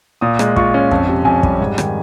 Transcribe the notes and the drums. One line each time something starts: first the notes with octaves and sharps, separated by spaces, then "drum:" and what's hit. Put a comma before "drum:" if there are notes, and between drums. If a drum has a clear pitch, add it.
A#2 D#6
G#3, drum: rim click
F4 C#6, drum: kick
C#4
F2, drum: kick
C3
F2 G#5
G3, drum: kick
G#2
D#3, drum: rim click